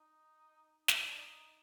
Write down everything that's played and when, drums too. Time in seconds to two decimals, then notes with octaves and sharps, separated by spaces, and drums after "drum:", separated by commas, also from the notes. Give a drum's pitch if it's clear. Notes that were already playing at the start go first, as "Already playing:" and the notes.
Already playing: D#4
0.88 D4, drum: snare
1.19 D#4